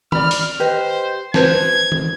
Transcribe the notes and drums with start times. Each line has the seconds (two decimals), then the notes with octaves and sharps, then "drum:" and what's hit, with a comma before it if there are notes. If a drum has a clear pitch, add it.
0.12 D5 B5 F6, drum: tom D#3
0.31 drum: open hi-hat
0.60 G4 B4 C5 D#5
1.34 B4 C5 A5 G#6, drum: snare
1.92 drum: tom D#3